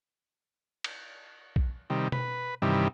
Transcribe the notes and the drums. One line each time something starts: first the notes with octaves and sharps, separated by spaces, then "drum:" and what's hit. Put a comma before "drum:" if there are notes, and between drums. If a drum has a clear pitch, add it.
drum: cymbal
drum: kick B1
C3 D#3 G3
B4, drum: tom B2
G2 C3 D#3 E3 G3